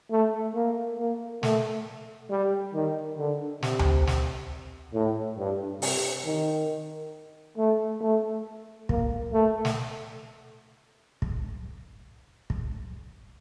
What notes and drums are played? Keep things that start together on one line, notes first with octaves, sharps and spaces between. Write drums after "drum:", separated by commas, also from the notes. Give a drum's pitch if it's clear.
A3
A#3
A#3
A3, drum: snare
G3
D#3
D3
C3, drum: snare
drum: tom D2
drum: snare
A2
G2
C3, drum: open hi-hat
D#3
A3
A3
A#3, drum: kick
A3
drum: snare
drum: kick
drum: kick